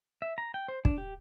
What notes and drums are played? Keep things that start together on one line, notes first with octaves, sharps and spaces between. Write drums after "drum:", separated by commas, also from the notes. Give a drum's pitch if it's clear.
E5
A#5
G5
C5
D4, drum: kick
G4